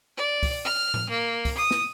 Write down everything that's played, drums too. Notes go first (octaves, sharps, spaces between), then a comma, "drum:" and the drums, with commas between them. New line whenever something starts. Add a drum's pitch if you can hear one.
D5
drum: kick, open hi-hat
F6
drum: tom A2
A#3
drum: kick, open hi-hat
D#6
drum: snare